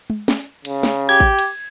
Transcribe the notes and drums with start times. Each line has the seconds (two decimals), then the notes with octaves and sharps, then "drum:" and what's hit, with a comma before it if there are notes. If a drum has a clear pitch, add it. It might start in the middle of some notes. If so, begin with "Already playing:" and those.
0.10 drum: tom G#3
0.28 drum: snare
0.65 C#3, drum: cymbal
0.83 drum: snare
1.09 G4 G#6
1.20 drum: kick G#1
1.39 drum: cymbal